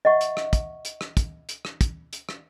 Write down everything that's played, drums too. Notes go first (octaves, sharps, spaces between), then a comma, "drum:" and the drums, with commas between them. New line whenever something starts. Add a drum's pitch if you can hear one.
D#5 E5 F#5 C#6
drum: hi-hat
drum: rim click
drum: kick, hi-hat
drum: hi-hat
drum: rim click
drum: kick, hi-hat
drum: hi-hat
drum: rim click
drum: kick, hi-hat
drum: hi-hat
drum: rim click